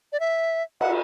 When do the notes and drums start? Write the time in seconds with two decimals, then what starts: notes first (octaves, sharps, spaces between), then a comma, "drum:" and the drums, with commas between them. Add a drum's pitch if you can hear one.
0.12 D5
0.20 E5
0.81 F#5, drum: cymbal